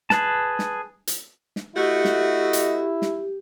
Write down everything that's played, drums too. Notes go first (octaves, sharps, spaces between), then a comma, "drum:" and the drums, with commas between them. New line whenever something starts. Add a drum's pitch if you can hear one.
G#4 B4 A5, drum: snare
drum: snare
drum: hi-hat
drum: snare
A3 E4 F#4 G4 D#5
drum: snare
drum: hi-hat
drum: snare